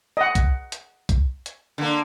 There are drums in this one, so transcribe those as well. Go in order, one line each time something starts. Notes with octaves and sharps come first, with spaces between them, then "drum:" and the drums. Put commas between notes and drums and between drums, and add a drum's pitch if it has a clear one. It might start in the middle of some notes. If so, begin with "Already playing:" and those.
D#5 F#5
drum: kick, hi-hat
drum: hi-hat
drum: kick, hi-hat
drum: hi-hat
D3 A#3